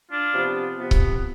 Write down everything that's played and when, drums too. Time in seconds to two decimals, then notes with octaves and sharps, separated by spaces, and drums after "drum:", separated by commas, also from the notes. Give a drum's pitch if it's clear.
0.10 D4 F4
0.32 C3 F3 B3
0.78 C3 F3 B3
0.91 drum: kick C#1